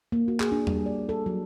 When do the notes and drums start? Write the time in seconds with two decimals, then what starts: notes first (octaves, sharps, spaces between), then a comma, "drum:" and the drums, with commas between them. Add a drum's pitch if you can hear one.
0.12 A#3
0.28 F#4
0.40 G#4, drum: clap
0.52 D4
0.67 G3, drum: tom E2
0.86 D5
1.09 A4
1.26 F#3